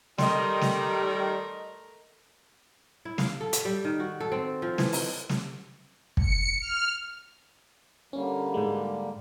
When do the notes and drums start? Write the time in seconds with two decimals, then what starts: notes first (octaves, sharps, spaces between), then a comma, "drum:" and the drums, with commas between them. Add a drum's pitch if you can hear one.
0.18 D#3 G3 A3 A#4 D5 D#5 C6 D#6, drum: snare
0.61 drum: snare
3.05 E4
3.18 F5, drum: snare
3.41 A4
3.53 E5, drum: hi-hat
3.65 G3
3.84 D#3
4.00 F#4
4.20 A4
4.32 C4
4.62 F3
4.78 E3, drum: snare
4.93 drum: open hi-hat
5.29 drum: snare
6.17 C#7, drum: kick
6.60 F6
8.13 D3 G3 A#3 C#4
8.54 G#2 G#3